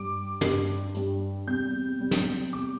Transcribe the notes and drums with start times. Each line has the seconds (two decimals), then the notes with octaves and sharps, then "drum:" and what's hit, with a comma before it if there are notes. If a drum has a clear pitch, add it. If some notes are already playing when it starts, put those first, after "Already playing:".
Already playing: G2 G3 D6
0.41 G2 G3, drum: tom
0.94 G2 G3, drum: hi-hat
1.47 E2 C3 G3 G6
2.00 E2 C3 G3
2.11 drum: snare
2.53 E2 C3 G3 D6